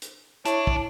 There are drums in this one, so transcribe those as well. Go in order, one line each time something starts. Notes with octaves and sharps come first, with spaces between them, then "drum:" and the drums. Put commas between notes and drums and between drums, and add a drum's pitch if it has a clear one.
drum: hi-hat
D4 E4 C#5, drum: hi-hat
drum: kick